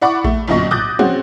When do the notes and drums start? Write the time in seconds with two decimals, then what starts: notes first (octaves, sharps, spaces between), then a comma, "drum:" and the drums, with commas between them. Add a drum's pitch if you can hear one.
0.01 E4 D5 F#5 B5 C#6 D6
0.24 A3, drum: kick A#1
0.48 G1 F#2 A#2 D#5 C#6
0.71 D6 D#6 F#6 G6 A6 A#6, drum: tom
0.99 C4 C#4 F#4 G#4, drum: tom